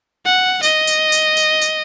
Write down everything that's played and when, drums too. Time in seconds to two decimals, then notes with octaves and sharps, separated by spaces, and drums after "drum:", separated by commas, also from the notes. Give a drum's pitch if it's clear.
0.25 F#5
0.63 D#5, drum: tambourine
0.87 drum: tambourine
1.12 drum: tambourine
1.37 drum: tambourine
1.62 drum: tambourine